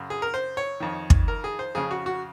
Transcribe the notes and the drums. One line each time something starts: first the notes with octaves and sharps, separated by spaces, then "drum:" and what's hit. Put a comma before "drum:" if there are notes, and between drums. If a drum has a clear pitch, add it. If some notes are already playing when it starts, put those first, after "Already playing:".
Already playing: F#2 C#3
G#4
A#4
C5
C#5
F2 D#3
drum: kick
A#4
G#4
C5
F2 C#3 G#4
F#4
F#4